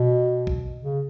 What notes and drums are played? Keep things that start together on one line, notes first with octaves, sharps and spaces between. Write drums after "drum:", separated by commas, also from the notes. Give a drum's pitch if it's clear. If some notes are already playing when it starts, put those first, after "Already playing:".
Already playing: B2
drum: kick
C#3